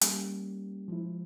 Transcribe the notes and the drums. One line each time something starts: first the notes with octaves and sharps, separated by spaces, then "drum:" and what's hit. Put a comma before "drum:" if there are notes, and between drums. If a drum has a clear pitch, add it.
G3 A#3 C#4 G4, drum: hi-hat
F3 G#3 E4